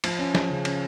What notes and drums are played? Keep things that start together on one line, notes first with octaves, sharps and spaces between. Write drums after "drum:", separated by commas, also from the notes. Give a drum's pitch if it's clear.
F3, drum: cymbal
C#4
F3, drum: snare
C#3
C#4, drum: cymbal